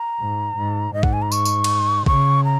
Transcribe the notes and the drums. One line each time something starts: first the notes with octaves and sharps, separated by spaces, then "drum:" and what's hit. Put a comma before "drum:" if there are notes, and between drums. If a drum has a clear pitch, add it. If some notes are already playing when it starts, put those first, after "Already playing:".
Already playing: A#5
G#2
G#2
G#2 D#5
F#5, drum: kick A#1
G#5
A#5
C#6, drum: tambourine
drum: tambourine
drum: cymbal
C#3 C#6, drum: kick A#1
A#5